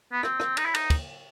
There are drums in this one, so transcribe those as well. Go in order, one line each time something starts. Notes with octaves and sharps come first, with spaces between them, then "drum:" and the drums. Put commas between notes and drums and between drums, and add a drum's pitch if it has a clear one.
B3
C4, drum: rim click
drum: rim click
D#4, drum: cymbal
E4
D#4, drum: cymbal
drum: kick, cymbal